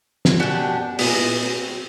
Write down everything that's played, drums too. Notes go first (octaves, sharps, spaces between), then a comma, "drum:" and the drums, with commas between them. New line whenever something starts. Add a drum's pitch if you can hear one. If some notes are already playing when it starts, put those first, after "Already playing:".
drum: snare
F#2 B2 D4 F#4 G4
A#2 G#3 B3 E4, drum: open hi-hat
F#3 C4